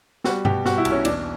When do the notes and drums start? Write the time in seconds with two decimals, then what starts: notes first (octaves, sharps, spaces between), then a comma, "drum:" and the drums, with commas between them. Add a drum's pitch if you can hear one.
0.24 G3 F#4, drum: snare
0.45 B2 G4, drum: tom G2
0.65 G3 F#4, drum: snare
0.78 E4
0.85 B1, drum: cymbal
0.92 C#4
1.05 E2 D4, drum: cymbal